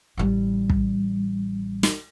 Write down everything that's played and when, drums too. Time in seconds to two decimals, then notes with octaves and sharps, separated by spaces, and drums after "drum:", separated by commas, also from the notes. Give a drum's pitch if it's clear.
0.18 A1 G3
0.70 drum: kick
1.83 drum: snare